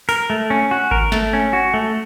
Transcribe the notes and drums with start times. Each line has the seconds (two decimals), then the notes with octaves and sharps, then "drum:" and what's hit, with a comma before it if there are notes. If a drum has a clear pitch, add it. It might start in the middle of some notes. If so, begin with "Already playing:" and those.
0.09 A#4, drum: open hi-hat
0.30 A3
0.50 C#4
0.71 F#4
0.91 A#4, drum: kick G#1
1.12 A3, drum: snare
1.33 C#4
1.53 F#4
1.74 A3